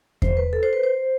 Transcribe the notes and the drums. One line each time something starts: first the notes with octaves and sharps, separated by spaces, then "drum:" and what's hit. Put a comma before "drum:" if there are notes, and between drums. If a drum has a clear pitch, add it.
C5, drum: kick E2
B4
A4
C5
B4
C5